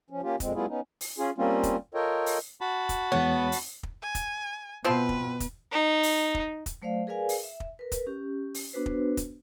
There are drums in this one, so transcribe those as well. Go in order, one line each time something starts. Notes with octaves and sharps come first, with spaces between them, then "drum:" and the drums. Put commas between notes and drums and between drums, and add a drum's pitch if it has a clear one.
F3 C#4
A#3 C#4 F4 G4
F2 A#2 G#3 C4, drum: kick, hi-hat
G3 A3 B3 E4 F4 G#4
B3 C#4 D#4
drum: open hi-hat
C#4 F4 G#4
G3 A#3 C4 C#4 F4
drum: kick, hi-hat
F4 A4 A#4 C#5 D#5 G5
drum: open hi-hat
F#4 A5 B5
drum: kick, hi-hat
E2 G#3 B3 C#5
drum: open hi-hat
drum: kick
G#5
drum: kick, hi-hat
B2 F3 C4 B4 C6
drum: kick
drum: kick, hi-hat
D#4
drum: open hi-hat
drum: kick
drum: kick, hi-hat
F#3 A3 C5 D5 F5
G#4 A#4 B4 D5 F5 G#5
drum: open hi-hat
E5
drum: kick
A#4 B4
drum: kick, hi-hat
C#4 G4
drum: open hi-hat
B3 D4 F#4 B4 C5
drum: kick
drum: kick, hi-hat